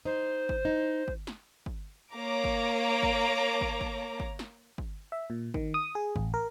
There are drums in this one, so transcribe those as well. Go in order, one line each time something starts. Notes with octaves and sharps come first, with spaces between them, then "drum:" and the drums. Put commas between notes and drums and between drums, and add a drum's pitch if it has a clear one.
D#4 C5
drum: kick
D#4
drum: kick
drum: snare
drum: kick
A#3 C#5 A#5 D6
drum: kick
drum: kick
drum: kick
drum: kick
drum: kick
drum: snare
drum: kick
E5
A#2
D#3, drum: kick
D#6
G#4
A1, drum: kick
A#4